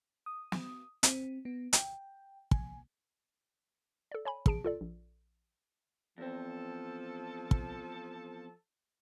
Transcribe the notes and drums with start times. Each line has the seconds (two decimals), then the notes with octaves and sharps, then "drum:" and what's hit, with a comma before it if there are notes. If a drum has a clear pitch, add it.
0.26 D#6
0.52 drum: snare
1.03 C4, drum: hi-hat
1.45 B3
1.73 G5, drum: hi-hat
2.51 G#5, drum: kick
4.12 A4 D5
4.25 C#5 G#5 B5
4.46 A1 G#4 A5 D7, drum: kick
4.65 F4 A4 D5
4.81 A#1
6.18 E2 F3 C4 A4
7.51 drum: kick